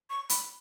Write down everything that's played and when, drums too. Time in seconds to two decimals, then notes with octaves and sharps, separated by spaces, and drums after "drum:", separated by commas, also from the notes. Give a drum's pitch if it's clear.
0.10 C#6
0.30 B5, drum: hi-hat